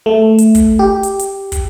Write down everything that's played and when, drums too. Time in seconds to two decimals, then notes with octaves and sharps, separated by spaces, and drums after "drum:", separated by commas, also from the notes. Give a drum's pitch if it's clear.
0.06 A3
0.38 drum: hi-hat
0.55 drum: kick, hi-hat
0.79 G4
1.03 drum: hi-hat
1.19 drum: hi-hat
1.52 drum: kick, hi-hat